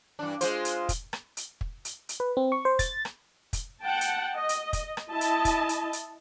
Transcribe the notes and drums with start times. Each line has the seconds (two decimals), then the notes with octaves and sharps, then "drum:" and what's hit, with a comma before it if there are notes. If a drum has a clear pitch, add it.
0.19 G2 E3 D4
0.41 G#3 F4 C5, drum: hi-hat
0.65 drum: hi-hat
0.89 drum: kick, hi-hat
1.13 drum: rim click
1.37 drum: hi-hat
1.61 drum: kick
1.85 drum: hi-hat
2.09 drum: hi-hat
2.20 B4
2.37 C4
2.52 C#6
2.65 C5
2.79 A6, drum: kick, hi-hat
3.05 drum: rim click
3.53 drum: kick, hi-hat
3.82 F#5 G5 A5
4.01 drum: hi-hat
4.35 D#5
4.49 drum: hi-hat
4.73 drum: kick, hi-hat
4.97 drum: rim click
5.09 E4 D#5 A5
5.21 drum: hi-hat
5.45 drum: kick, hi-hat
5.69 drum: hi-hat
5.93 drum: hi-hat